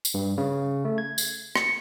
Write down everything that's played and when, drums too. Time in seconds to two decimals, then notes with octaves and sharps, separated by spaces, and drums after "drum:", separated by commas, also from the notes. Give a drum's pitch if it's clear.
0.05 drum: tambourine
0.14 G2
0.38 C#3
0.85 A3
0.98 G#6
1.18 drum: tambourine
1.55 C#7, drum: rim click